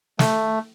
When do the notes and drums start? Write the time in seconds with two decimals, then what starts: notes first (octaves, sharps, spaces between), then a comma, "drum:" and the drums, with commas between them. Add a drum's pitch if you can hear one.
0.19 A3, drum: snare